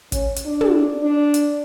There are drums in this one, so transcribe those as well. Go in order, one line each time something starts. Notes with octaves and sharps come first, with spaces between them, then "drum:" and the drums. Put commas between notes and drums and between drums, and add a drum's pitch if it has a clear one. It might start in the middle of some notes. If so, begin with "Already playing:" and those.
C#4, drum: kick, hi-hat
drum: hi-hat
D4
drum: tom
D4
drum: hi-hat